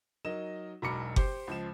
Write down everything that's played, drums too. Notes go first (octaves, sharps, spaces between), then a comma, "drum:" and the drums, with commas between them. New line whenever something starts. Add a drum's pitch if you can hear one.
F#3 D#4 A#4 D#5 E7
E1 B1 A#5 B5 D6 C#7
G4 C5 D6 C7, drum: kick F#1
C#2 F3 E7